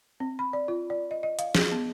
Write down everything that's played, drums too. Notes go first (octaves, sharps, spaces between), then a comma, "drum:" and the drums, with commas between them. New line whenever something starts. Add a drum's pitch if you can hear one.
C4
B5
D5
F4
D5
D#5
D#5
F5, drum: hi-hat
G#4, drum: snare
B3